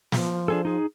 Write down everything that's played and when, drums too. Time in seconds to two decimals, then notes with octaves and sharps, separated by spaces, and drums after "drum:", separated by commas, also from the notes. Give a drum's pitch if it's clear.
0.12 F3, drum: snare
0.48 D4 G#4 A4
0.65 D#4 G#4